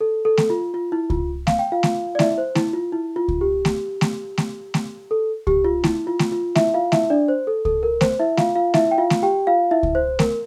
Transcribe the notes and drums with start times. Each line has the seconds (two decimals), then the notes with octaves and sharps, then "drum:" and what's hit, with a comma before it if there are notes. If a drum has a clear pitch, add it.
0.01 A4
0.25 A4
0.37 drum: snare A3
0.50 F4
0.74 F4
0.92 E4
1.10 F4, drum: kick C#2
1.47 F5, drum: snare A3
1.59 G5
1.72 F4 F5
1.83 drum: snare A3
2.15 D5
2.19 E4 E5, drum: snare A3
2.38 C5
2.55 E4, drum: snare A3
2.73 F4
2.92 E4
3.16 F4
3.28 drum: kick C#2
3.41 G4
3.65 drum: snare A3
4.01 drum: snare A3
4.38 drum: snare A3
4.74 drum: snare A3
5.11 A4
5.47 G4, drum: kick C#2
5.64 F4
5.84 E4, drum: snare A3
6.07 F4
6.19 drum: snare A3
6.32 F4
6.55 E4 E5, drum: snare A3
6.74 F4 F5
6.92 E4 E5, drum: snare A3
7.10 D4 D5
7.28 C5
7.47 A4
7.65 A4, drum: kick C#2
7.83 A#4
8.01 C5, drum: snare A3
8.19 E4 E5
8.37 F4 F5, drum: snare A3
8.55 F4 F5
8.74 E4 E5, drum: snare A3
8.91 G5
8.98 F4 F5
9.10 drum: snare A3
9.22 G4 G5
9.47 F4 F5
9.71 E4 E5
9.83 drum: kick C#2
9.95 C5
10.19 A#4, drum: snare A3